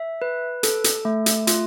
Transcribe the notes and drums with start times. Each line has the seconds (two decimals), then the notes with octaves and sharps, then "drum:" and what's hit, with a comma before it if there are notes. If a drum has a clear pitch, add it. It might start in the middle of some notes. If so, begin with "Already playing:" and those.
Already playing: E5
0.22 B4
0.63 A4, drum: hi-hat
0.84 drum: hi-hat
1.05 A3
1.26 drum: hi-hat
1.47 F4, drum: hi-hat